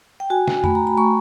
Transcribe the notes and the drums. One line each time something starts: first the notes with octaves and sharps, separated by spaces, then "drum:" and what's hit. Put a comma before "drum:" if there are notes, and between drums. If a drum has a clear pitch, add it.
G5
F#4 G#5
drum: snare
A3 B5, drum: tom F2
A#5
B5
A3 C#6